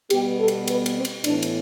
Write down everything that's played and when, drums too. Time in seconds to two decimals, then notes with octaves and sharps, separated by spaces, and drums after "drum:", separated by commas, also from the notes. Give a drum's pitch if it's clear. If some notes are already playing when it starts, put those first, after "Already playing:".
0.10 B2 G3 B3 G4, drum: cymbal
0.39 A4
0.48 drum: cymbal
0.68 B4, drum: cymbal
0.86 drum: cymbal
0.95 C4
1.05 drum: cymbal
1.24 A2 E3 B3 D4, drum: cymbal
1.43 drum: cymbal